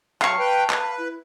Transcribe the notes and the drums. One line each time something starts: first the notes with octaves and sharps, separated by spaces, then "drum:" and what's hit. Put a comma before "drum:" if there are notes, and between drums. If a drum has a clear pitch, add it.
F#3 F5 A5 C#6, drum: clap
B4 G5
B4, drum: clap
E4